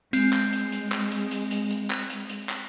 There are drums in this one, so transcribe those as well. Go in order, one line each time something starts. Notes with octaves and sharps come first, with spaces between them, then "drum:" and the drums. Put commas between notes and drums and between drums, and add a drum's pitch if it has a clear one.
G#3 C4, drum: hi-hat
drum: clap
drum: hi-hat
drum: hi-hat
drum: clap
drum: hi-hat
drum: hi-hat
drum: hi-hat
drum: hi-hat
drum: clap
drum: hi-hat
drum: hi-hat
drum: clap